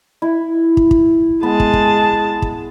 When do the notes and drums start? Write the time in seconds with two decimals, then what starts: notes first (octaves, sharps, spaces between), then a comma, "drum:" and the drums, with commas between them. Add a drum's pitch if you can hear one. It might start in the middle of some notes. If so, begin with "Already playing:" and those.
0.22 E4
0.77 drum: kick
0.91 drum: kick
1.43 G#3 B3 A5
1.60 drum: kick
1.73 drum: kick
2.42 drum: kick